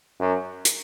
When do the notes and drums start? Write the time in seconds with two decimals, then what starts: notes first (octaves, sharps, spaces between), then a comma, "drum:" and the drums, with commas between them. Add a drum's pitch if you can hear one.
0.20 F#2
0.65 drum: hi-hat